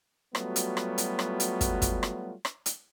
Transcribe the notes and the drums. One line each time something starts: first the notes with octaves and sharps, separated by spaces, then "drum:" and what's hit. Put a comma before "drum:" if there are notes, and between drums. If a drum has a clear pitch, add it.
F#3 G3 A3 B3 F4 F#4, drum: rim click
drum: hi-hat
drum: rim click
drum: hi-hat
drum: rim click
drum: hi-hat
drum: kick, hi-hat
drum: kick, hi-hat
drum: rim click
drum: rim click
drum: hi-hat